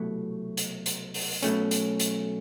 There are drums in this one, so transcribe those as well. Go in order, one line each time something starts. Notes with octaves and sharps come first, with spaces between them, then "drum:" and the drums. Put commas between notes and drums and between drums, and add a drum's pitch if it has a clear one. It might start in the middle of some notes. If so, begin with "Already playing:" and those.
Already playing: C2 B2 F#3 A3
drum: hi-hat
drum: hi-hat
drum: open hi-hat
B2 F#3 A3 C#4, drum: hi-hat
drum: hi-hat
drum: hi-hat